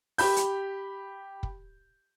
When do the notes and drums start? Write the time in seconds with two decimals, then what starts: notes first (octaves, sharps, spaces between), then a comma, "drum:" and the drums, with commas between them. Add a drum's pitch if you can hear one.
0.18 G4 B5 G6, drum: open hi-hat
0.36 drum: hi-hat
1.43 drum: kick